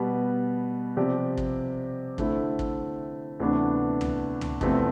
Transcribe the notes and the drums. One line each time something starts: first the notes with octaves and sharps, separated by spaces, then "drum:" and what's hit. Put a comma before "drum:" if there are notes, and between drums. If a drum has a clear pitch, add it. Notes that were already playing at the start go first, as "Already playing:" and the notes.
Already playing: B2 G3 B3
C3 F3 C4 G4 D5
drum: kick
D3 A3 C4 E4, drum: kick
drum: kick
D2 C3 E3 B3 D4
drum: tom
drum: tom
E2 C3 F3 A3, drum: kick